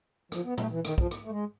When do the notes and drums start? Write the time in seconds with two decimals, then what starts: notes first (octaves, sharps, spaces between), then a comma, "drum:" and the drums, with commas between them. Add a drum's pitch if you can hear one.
0.32 F3, drum: rim click
0.45 B3
0.58 A3, drum: tom A#2
0.71 E3
0.85 D#3, drum: rim click
0.98 F3, drum: kick
1.11 drum: rim click
1.25 A3
1.31 G#3